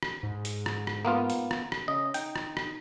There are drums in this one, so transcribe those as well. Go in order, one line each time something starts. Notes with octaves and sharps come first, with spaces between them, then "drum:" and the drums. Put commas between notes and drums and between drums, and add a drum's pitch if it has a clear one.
drum: rim click
G#2
drum: hi-hat
drum: rim click
drum: rim click
A#3 B3 F4
drum: hi-hat
drum: rim click
drum: rim click
C#3 D#5
D#4 G5, drum: hi-hat
drum: rim click
drum: rim click